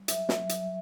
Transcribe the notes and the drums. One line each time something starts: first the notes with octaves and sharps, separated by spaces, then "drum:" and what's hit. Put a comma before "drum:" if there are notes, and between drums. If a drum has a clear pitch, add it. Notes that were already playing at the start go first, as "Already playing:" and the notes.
Already playing: G3
F#3 E5, drum: hi-hat
drum: snare
F#3
drum: hi-hat